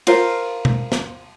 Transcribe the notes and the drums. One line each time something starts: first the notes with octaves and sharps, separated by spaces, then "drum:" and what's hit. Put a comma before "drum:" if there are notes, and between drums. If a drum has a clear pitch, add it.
F4 A#4 C5 F5, drum: cymbal
drum: tom B2
drum: snare